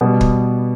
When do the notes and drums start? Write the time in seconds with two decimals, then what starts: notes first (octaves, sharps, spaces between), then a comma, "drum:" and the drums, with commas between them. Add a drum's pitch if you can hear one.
0.01 B2 G3 B3
0.21 drum: kick